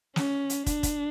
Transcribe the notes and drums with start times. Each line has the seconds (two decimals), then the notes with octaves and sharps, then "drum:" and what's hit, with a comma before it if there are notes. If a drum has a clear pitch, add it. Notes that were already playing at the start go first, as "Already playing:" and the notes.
0.16 C#4, drum: snare
0.50 drum: hi-hat
0.66 D4, drum: kick, hi-hat
0.83 drum: kick, hi-hat